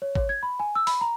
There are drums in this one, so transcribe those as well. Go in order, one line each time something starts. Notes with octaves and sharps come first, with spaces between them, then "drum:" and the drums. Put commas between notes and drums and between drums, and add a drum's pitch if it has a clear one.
C#5
C#5, drum: kick
G#6
B5
G#5
E6
B5, drum: open hi-hat
A#5